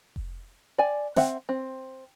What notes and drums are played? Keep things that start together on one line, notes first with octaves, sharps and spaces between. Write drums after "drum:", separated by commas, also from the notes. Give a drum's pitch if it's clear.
drum: kick F1
D5 G#5
C4 E5 F#5, drum: snare
C4